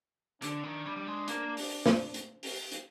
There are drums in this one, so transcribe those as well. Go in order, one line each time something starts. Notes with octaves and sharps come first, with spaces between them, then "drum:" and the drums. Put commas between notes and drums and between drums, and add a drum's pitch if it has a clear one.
D3 D4, drum: hi-hat
D#3
G3
G3
G#3
A#3, drum: hi-hat
drum: open hi-hat
drum: snare
drum: hi-hat
drum: open hi-hat
drum: hi-hat